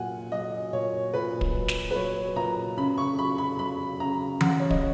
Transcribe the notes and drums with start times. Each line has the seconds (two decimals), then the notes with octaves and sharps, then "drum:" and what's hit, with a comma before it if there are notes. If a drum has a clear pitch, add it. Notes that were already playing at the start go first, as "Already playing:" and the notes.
Already playing: A#2 F#3 F#5 G#5
0.32 F#3 D#5
0.73 A#2 C#5
1.14 A#2 B4
1.41 drum: kick
1.55 F#3
1.68 drum: snare
1.91 B4
1.96 F#3 C#5
2.36 A#2 A#5
2.77 C#3 B5
2.98 C#6
3.18 F#3 B5
3.38 B5
3.59 F#3 B5
4.00 C#3 A#5
4.41 C#3 F#5, drum: tom E3
4.60 C#5
4.70 D#5, drum: kick